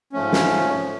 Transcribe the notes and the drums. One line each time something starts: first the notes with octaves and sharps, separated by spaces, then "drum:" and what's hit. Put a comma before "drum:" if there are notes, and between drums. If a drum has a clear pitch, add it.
G#2 F3 A3 C#4
drum: snare